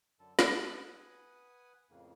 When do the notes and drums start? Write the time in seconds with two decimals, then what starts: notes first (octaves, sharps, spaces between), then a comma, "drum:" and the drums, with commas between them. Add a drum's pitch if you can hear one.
0.19 F#2 D3 A4
0.39 B4 F#5 G#5 D#6, drum: snare
1.90 F2 A2 C#3 A#3